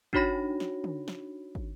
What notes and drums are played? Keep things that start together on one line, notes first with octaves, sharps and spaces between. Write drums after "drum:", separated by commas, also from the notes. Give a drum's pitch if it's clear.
D4 D#4 F#4 C#5 B5 A#6, drum: kick
drum: snare
drum: tom
drum: snare
drum: kick